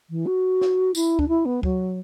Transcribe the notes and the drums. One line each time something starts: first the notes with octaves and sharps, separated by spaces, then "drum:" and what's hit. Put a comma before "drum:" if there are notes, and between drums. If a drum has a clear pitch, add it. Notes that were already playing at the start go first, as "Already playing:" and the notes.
E3
F#4
drum: snare
E4, drum: tambourine
D4, drum: kick D2
E4
B3
F#3, drum: kick D2